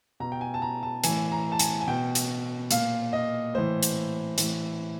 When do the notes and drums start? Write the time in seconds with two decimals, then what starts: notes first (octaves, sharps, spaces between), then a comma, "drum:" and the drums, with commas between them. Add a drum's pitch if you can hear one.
0.20 B2 A#5
0.32 G5
0.41 G#5
0.54 A5
0.62 A#5
0.83 A5
1.04 A2 E3 G#5, drum: hi-hat
1.32 A#5
1.52 A5
1.59 G#5, drum: hi-hat
1.81 G#5
1.87 B2 G5
2.15 drum: hi-hat
2.71 A#2 F5, drum: hi-hat
3.13 D#5
3.54 A2 E3 C5
3.83 drum: hi-hat
4.38 A2 E3, drum: hi-hat